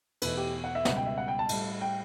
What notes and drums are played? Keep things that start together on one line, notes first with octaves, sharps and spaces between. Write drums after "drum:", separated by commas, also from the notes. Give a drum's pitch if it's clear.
E2 B2 A3 B4, drum: cymbal
G4
F#5
E5
C#2 B2 G3 F#5, drum: snare
G5
E5
F#5
G5
A5
A2 G3, drum: cymbal
G5